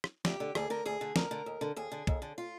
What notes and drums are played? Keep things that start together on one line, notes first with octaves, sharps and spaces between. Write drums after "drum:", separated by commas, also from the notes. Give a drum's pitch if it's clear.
drum: rim click
D2 G4, drum: snare
D3
D2 G#4, drum: rim click
D3 A#4
D2 G#4
D3
D2 A#4, drum: snare
D3
D#2
D3
D#2 G#4
D3
D#2, drum: kick
D3
F4